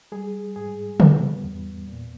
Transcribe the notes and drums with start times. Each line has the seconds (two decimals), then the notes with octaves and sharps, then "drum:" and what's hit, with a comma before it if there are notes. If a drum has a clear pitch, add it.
0.12 G3 G#4
0.56 G#2 G#4
1.00 G3 B3, drum: tom
1.43 E2
1.88 A#2